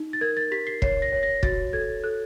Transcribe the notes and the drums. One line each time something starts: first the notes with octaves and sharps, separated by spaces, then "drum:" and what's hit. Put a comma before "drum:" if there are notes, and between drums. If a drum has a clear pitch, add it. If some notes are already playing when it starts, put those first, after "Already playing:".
Already playing: D#4
A6
A#4 G#6
A6
G4 B6
C7
C#5 C7, drum: kick
A#6
C#5
A#6
F#4 A6, drum: kick
A4 G#6
A4 F#6